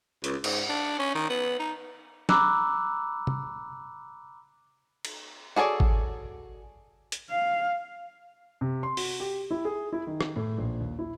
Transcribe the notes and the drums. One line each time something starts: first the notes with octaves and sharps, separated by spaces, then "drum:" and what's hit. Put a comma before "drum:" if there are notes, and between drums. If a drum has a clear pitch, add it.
C#2, drum: hi-hat
G#2, drum: cymbal
D4
C#4
D#3
B3
D#4
A#5 B5 D6 E6 F#6, drum: snare
drum: tom
drum: cymbal
F#4 G#4 A4 C#5 D5
drum: kick
drum: hi-hat
F5
C3
C6
F#4, drum: open hi-hat
G4
E4
G#4
E4
D#3
drum: rim click
A2
A#1
D#2
E4